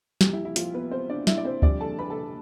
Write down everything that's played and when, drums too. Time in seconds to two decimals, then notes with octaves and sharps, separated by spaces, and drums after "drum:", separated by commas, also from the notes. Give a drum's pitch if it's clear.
0.21 F2 C3 E3 G3 G4, drum: snare
0.33 E4
0.45 E4
0.56 F3 F4, drum: hi-hat
0.74 B3 B4
0.91 C4 C5
1.10 D4 D5
1.27 E4 E5, drum: snare
1.37 D5
1.45 C4 C5
1.62 F2 D3 G3 D4 D5, drum: kick
1.81 A4 A5
1.99 B4 B5
2.10 A4 A5